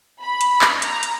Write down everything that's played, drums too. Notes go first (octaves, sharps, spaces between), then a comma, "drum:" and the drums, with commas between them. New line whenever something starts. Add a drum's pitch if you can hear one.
B5
drum: hi-hat
drum: clap
A#5, drum: hi-hat
drum: hi-hat